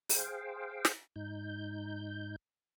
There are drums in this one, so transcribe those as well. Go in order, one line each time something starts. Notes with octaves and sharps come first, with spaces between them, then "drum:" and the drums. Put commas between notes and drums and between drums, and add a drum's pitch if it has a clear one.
G#4 C5 F5 G5, drum: open hi-hat
drum: snare
G#2 D#4 G6